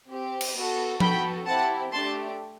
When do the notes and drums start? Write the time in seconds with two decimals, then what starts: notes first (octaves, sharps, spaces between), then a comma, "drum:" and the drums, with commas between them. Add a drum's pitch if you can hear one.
0.10 C4 G4
0.41 drum: cymbal
0.55 B3 F#4 A4
1.00 B3 F#4 A4 G5 B5, drum: tom F3
1.46 C4 E4 G4 F#5 A5
1.92 A3 D4 G4 A5 C6